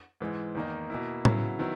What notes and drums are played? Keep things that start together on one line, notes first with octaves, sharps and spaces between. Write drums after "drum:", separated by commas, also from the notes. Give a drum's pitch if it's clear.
G#2 E3 G#3
E2 D#3 A#3 D#4
B2 A#3 E4
C#3 F#3 B3 E4, drum: tom
D#3 F#3 B3 E4